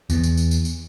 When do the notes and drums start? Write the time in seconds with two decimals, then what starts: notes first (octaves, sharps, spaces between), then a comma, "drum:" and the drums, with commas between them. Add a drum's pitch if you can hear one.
0.10 E2, drum: tambourine
0.23 drum: tambourine
0.37 drum: tambourine
0.51 drum: tambourine
0.65 drum: tambourine